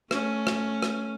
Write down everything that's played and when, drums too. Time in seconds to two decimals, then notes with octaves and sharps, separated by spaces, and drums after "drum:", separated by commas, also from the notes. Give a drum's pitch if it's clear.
0.11 A3 C#4, drum: rim click
0.47 drum: rim click
0.82 drum: rim click